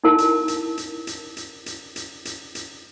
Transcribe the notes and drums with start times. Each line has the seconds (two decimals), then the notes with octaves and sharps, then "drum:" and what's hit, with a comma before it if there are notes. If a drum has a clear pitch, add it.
0.04 D#4 E4 A#4 A5
0.18 drum: hi-hat
0.48 drum: hi-hat
0.77 drum: hi-hat
1.07 drum: hi-hat
1.37 drum: hi-hat
1.66 drum: hi-hat
1.96 drum: hi-hat
2.25 drum: hi-hat
2.55 drum: hi-hat